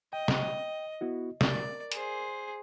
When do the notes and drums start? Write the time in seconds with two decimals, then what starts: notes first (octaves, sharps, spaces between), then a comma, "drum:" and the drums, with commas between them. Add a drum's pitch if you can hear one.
0.13 D#5 G5
0.28 drum: snare
1.01 B3 E4 F#4
1.41 A#4 D5, drum: snare
1.92 G#4 C5, drum: hi-hat